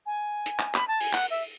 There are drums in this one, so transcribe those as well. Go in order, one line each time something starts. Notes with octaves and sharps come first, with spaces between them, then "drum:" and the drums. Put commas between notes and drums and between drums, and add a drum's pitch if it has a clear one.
G#5
drum: hi-hat
drum: clap
B5, drum: clap
A5
G#5, drum: open hi-hat
F#5, drum: clap
E5